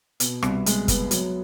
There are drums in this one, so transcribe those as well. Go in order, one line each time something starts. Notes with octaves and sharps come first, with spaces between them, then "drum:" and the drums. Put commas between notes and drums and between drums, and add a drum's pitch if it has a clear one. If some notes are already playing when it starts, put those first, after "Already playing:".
B2, drum: hi-hat
C2, drum: rim click
G#3, drum: hi-hat
B3, drum: kick, hi-hat
F#3, drum: hi-hat